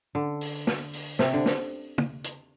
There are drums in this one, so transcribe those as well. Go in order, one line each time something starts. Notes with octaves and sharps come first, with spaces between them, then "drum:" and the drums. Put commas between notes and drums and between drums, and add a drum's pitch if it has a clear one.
D3
drum: open hi-hat
drum: snare
drum: open hi-hat
C3, drum: snare
D3
drum: snare
drum: tom
drum: hi-hat